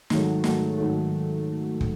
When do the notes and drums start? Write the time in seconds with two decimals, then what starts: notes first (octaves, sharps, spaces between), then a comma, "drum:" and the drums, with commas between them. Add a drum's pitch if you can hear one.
0.10 G#2 D#3 F#3 A3, drum: snare
0.44 G#2 D#3 F#3 A3, drum: snare
0.78 G#2 D#3 F#3 A3
1.81 drum: kick